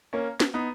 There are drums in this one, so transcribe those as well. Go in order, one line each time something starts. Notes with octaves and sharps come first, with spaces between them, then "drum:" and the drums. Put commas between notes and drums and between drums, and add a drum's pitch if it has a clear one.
A#3 C#4
drum: snare
B3 D#4